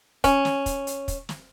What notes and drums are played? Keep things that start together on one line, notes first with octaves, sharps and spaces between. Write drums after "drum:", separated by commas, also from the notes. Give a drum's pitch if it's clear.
C#4, drum: kick, hi-hat
drum: snare
drum: kick, hi-hat
drum: hi-hat
drum: kick, hi-hat
drum: snare